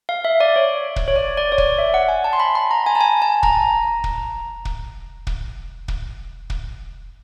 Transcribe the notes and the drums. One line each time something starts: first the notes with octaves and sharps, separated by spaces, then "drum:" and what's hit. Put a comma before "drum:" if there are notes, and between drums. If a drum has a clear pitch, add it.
F5
E5
D5
C#5
drum: kick
C#5
D5
D5
C#5
D5, drum: kick
E5
F#5
G#5
A5
C6
B5
B5
A#5
G#5
A5
G#5
A5
A#5, drum: kick
drum: kick
drum: kick
drum: kick
drum: kick
drum: kick